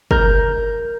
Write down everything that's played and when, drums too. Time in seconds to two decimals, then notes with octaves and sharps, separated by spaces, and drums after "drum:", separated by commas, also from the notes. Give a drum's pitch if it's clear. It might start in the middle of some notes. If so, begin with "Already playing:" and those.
0.11 A#4 G6, drum: kick